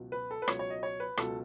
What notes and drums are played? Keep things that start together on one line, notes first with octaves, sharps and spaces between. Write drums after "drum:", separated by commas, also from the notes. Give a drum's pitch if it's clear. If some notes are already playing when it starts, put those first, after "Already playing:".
Already playing: C#2 B2 F#3
B4
A4
B4
C#2 B2 F#3 C#5, drum: rim click
C#5
D#5
C#5
B4
C#2 B2 F#3 A4, drum: rim click